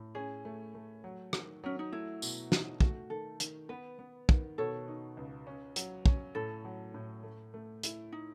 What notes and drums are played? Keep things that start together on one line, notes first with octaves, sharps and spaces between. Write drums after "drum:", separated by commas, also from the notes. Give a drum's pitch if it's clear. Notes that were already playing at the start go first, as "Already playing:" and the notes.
Already playing: A2
C#4 G#4
A3
A3
F#3
D#3, drum: rim click
F#3 C#4
D#4
A3 E4
B2, drum: tambourine
D#4, drum: snare
A3 F#4, drum: kick
D#3 A4
D#3, drum: hi-hat
B3 B4
B3
D#3, drum: kick
B2 A4 C#5
D#4
C#2
C#4
F#3, drum: hi-hat
C#4, drum: kick
A2 A4
F#3
A2
A3
A3
E4, drum: hi-hat
D#4